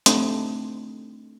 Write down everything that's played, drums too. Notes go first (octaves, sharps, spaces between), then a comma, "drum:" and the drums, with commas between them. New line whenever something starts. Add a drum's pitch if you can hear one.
A3 C4 D4 D#4, drum: hi-hat